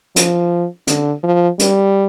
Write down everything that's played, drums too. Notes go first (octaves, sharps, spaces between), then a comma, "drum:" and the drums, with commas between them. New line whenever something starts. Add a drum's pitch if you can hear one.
F3, drum: hi-hat
D3, drum: hi-hat
F3
G3, drum: hi-hat